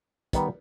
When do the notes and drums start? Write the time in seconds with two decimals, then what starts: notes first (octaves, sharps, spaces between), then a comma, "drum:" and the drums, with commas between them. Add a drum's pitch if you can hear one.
0.33 D#3 G3 B3, drum: kick, hi-hat